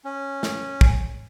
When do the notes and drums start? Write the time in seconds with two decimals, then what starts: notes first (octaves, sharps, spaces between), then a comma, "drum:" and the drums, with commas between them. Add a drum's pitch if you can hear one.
0.05 C#4
0.43 drum: snare
0.81 drum: kick